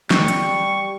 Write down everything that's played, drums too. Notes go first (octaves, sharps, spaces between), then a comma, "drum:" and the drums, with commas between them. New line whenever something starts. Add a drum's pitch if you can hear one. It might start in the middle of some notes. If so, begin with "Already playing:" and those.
G3 C#6, drum: snare
drum: hi-hat